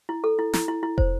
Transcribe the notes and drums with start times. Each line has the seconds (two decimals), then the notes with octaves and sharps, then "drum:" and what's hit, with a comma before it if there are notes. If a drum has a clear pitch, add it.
0.09 E4
0.24 A4
0.39 E4
0.53 E4, drum: snare
0.68 E4
0.83 E4
0.98 C5, drum: kick